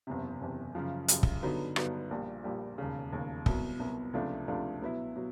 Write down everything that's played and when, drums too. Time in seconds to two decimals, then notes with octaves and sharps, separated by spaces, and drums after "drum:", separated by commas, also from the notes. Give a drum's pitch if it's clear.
0.07 F#1 E2 C3
0.41 F#1 E2 C3
0.75 F#2 C#3 F3
1.08 F#2 C#3 F3, drum: hi-hat
1.23 drum: kick
1.42 G2 D3 F#3 B3 D#4
1.76 G2 D3 F#3 B3 D#4, drum: rim click
2.11 A#1 A#2 G3
2.44 A#1 A#2 G3
2.78 E1 D#2 C#3
3.12 E1 D#2 C#3
3.46 C2 B2 F#3, drum: kick
3.79 C2 B2 F#3
4.13 C#2 C3 F3 A3 D4
4.48 C#2 C3 F3 A3 D4
4.82 B2 F#3 B3 E4
5.16 B2 F#3